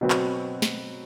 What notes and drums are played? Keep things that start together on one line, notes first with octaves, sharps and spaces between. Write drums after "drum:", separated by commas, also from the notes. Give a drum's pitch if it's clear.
B2 F#3 C4 F#4 B4
drum: clap
drum: snare